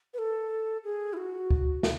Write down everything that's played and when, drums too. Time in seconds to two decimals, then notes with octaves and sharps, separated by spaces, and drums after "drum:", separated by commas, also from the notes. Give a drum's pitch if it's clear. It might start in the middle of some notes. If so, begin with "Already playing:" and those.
0.14 B4
0.18 A4
0.84 G#4
1.13 E4
1.17 F#4
1.50 drum: kick C#2
1.83 drum: snare